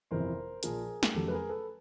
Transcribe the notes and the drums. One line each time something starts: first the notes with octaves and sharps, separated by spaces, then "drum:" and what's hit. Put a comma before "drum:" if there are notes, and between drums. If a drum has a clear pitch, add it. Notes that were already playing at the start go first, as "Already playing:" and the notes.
G1 F2 C3 E3 A#4 C5
A#1 A#2 F3 G#4 A#4, drum: hi-hat
A#4, drum: snare
F1 F2 C#3 F#3 G4 A4
B4
G#4 A#4
A4 B4